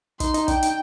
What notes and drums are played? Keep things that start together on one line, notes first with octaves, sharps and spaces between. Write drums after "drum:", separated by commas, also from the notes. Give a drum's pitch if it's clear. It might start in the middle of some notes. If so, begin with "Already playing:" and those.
D#4 C6, drum: kick, hi-hat
D#4, drum: hi-hat
D4 G5, drum: kick, hi-hat
drum: hi-hat